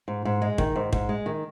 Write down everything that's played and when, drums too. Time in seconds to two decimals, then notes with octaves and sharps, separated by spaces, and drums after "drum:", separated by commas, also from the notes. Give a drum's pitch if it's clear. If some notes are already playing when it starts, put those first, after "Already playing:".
0.08 G#2
0.25 G#2
0.42 G#3
0.58 D#3, drum: kick
0.76 G#2
0.93 G#2, drum: kick
1.09 G#3
1.26 D#3